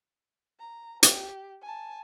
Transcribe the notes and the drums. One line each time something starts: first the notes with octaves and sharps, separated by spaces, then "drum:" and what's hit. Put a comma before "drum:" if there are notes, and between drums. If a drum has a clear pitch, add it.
A#5
G4, drum: hi-hat
G#5 A5